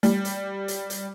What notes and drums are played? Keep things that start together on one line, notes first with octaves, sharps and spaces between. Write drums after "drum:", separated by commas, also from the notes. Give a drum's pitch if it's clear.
G3, drum: hi-hat
drum: hi-hat
drum: hi-hat
drum: hi-hat